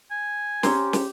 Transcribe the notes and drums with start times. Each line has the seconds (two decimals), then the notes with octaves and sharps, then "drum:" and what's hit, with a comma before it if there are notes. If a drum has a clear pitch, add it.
0.11 G#5
0.63 C4 C#4 G4 C5 A#5 C6, drum: snare
0.93 drum: snare